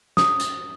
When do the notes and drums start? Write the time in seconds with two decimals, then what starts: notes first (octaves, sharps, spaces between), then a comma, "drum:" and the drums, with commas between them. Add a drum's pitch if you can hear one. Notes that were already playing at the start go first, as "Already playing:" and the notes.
0.17 D#6, drum: snare
0.40 drum: hi-hat